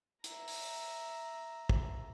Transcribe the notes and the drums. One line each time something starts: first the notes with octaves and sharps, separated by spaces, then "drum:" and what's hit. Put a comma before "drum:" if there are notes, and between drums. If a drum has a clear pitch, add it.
E5 A#5, drum: hi-hat
drum: open hi-hat
drum: kick